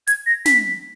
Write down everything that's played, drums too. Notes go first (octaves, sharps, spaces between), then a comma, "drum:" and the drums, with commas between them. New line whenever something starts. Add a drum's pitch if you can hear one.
G#6, drum: hi-hat
A#6
B6, drum: snare